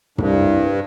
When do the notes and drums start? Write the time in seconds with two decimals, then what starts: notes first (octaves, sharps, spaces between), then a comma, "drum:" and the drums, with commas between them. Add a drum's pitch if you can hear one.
0.18 C2 G2, drum: tom